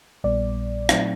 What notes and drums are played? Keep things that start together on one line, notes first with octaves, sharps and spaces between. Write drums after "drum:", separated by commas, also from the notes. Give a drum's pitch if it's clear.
A#1 A#2 G3 B3 D5
A#2 F#3 A3 C4 D#4 D5, drum: rim click